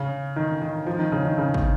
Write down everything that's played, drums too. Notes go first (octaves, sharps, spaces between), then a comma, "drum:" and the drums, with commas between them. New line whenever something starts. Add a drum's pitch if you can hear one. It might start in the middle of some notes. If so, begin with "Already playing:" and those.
Already playing: C#3
D#3
D#3
F3
D#3
C#3
D#3
C#3
drum: kick